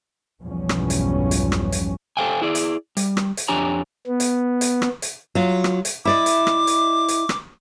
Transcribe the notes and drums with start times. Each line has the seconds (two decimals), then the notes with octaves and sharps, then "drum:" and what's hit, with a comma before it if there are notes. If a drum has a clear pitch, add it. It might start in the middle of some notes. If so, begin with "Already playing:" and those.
0.43 B1 E2 G2 F3 G3 C#4
0.69 drum: rim click
0.90 drum: hi-hat
1.31 drum: hi-hat
1.52 drum: rim click
1.72 drum: hi-hat
2.17 A4 C5 F5 G5 G#5
2.42 E4 G#4 D5
2.55 drum: hi-hat
2.97 G3, drum: hi-hat
3.17 drum: rim click
3.37 drum: hi-hat
3.48 F2 D4 G4 C#5 G#5 A#5
4.08 B3
4.20 drum: hi-hat
4.61 drum: hi-hat
4.82 drum: rim click
5.02 drum: hi-hat
5.35 F#3 F4
5.64 drum: rim click
5.85 drum: hi-hat
6.05 E4 D5 D#5 D6
6.26 drum: hi-hat
6.47 drum: rim click
6.67 drum: hi-hat
7.08 drum: hi-hat
7.29 drum: rim click